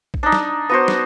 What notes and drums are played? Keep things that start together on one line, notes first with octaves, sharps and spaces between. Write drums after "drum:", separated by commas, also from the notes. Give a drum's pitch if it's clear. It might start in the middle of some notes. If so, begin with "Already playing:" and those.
drum: kick
D4 D#4
drum: snare
B3 F#4 C5
drum: snare